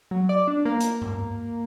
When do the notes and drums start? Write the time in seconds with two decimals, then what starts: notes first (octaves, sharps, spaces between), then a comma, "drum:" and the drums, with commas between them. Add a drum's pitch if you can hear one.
0.11 F#3
0.29 D5
0.47 D4
0.65 A#3
0.80 drum: hi-hat
1.02 drum: tom G2